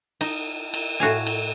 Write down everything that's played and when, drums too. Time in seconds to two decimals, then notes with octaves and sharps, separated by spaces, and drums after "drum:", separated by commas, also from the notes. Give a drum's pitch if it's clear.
0.21 D#4, drum: cymbal
0.74 drum: cymbal
1.00 A2 F#4 F5 G#5
1.27 drum: cymbal